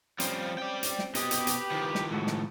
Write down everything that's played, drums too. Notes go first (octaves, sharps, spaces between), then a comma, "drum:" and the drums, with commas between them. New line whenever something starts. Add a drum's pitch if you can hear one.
F3 G3 C4 C#4, drum: hi-hat
D5 G5
drum: hi-hat
drum: snare
B2 G4 B4 D#5, drum: hi-hat
drum: hi-hat
drum: hi-hat
D#3 F3
drum: snare
A2 G#3 F#4 A4
drum: snare